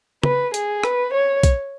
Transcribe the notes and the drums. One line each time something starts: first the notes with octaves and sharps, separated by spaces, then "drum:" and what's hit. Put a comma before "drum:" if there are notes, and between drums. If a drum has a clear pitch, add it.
B4, drum: tom
G#4, drum: hi-hat
B4, drum: rim click
C#5
drum: kick, hi-hat